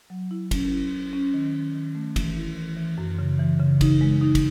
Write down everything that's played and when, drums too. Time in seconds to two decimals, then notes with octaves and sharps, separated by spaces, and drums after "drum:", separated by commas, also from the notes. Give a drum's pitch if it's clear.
0.10 F#3
0.31 E4
0.51 C#4, drum: kick, cymbal
0.72 E4
0.93 E4
1.13 C#4
1.34 D#3
1.54 D#3
1.75 D#3
1.95 A3
2.16 E3, drum: kick, cymbal
2.37 E4
2.57 E3
2.77 E3
2.98 F#2
3.19 C#3
3.39 E3
3.60 C#3
3.81 D#4, drum: kick, cymbal
4.01 G#3
4.21 D#4
4.35 drum: kick, cymbal